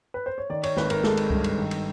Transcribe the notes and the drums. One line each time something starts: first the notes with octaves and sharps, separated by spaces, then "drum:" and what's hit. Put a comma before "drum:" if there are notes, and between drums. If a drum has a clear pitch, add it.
B4
C5
C#5
D#3 D5
C#5, drum: cymbal
G#1 B4, drum: snare
A#4, drum: cymbal
G#3 A4, drum: snare
drum: cymbal
G2, drum: kick C#2
drum: cymbal
D#3
drum: cymbal